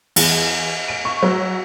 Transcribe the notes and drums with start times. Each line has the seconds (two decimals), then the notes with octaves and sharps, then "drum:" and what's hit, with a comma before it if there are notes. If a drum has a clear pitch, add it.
0.16 E2, drum: cymbal
0.88 D7
1.05 C#6
1.23 F#3